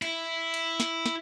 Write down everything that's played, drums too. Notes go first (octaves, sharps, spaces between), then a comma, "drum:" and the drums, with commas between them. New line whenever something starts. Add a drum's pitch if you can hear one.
E4, drum: cymbal
drum: cymbal
drum: snare
drum: snare